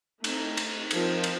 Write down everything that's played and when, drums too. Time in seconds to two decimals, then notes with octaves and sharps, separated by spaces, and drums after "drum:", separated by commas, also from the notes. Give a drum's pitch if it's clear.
0.24 A3 C4 D#4, drum: cymbal
0.57 drum: cymbal
0.91 F3 C4 D#4 A#4, drum: cymbal
1.24 drum: cymbal